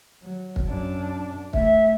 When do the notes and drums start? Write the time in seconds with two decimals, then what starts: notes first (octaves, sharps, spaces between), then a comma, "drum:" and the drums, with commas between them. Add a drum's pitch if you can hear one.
0.23 F#3
0.56 drum: kick
0.68 F#2 D4
1.53 A3 E5, drum: kick